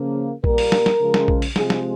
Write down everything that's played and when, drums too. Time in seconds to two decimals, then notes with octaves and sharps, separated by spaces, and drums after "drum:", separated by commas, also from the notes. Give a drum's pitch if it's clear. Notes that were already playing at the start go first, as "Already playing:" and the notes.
Already playing: C#3 F3 A#3
0.44 A#2 G3 A#3 A#4, drum: kick A#1
0.58 drum: open hi-hat
0.72 drum: snare
0.86 drum: snare
1.00 C#3 F3 G#3
1.14 drum: snare
1.28 drum: kick A#1
1.42 drum: open hi-hat
1.56 C3 F3 G#3 G#4, drum: snare
1.70 drum: snare